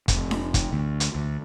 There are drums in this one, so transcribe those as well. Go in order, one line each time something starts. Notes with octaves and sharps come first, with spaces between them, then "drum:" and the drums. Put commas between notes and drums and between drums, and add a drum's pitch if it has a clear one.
F1, drum: kick, hi-hat
drum: snare D4
drum: kick, hi-hat
D2
drum: hi-hat
D2